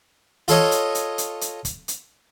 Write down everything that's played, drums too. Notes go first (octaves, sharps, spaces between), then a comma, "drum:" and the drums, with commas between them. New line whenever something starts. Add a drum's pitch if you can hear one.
F4 A4 C#5 D#5, drum: hi-hat
drum: hi-hat
drum: hi-hat
drum: hi-hat
drum: hi-hat
drum: kick, hi-hat
drum: hi-hat